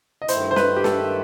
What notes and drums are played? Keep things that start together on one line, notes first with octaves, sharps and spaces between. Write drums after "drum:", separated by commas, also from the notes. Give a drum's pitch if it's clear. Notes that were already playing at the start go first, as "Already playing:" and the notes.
D#5
G2 D#3 A3 E4 C5, drum: hi-hat
C5
B4, drum: snare
G4
A4, drum: snare